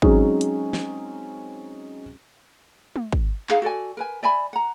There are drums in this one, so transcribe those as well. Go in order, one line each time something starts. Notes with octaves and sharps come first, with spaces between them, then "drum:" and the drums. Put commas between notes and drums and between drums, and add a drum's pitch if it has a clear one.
F#3 G#3 C4 C#4 D#4 G#4, drum: kick
drum: hi-hat
drum: snare
drum: tom
drum: kick
D#4 G#4 F5 F#5, drum: clap
F#4 A4 D5 G#5
A#4 B4 G#5
D5 E5 G#5 B5
F#5 A#5